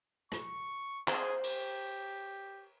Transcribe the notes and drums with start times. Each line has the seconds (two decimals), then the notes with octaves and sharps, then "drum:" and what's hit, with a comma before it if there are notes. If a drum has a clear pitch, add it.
0.32 C#6, drum: rim click
1.08 G#4 C5, drum: clap
1.44 G4, drum: cymbal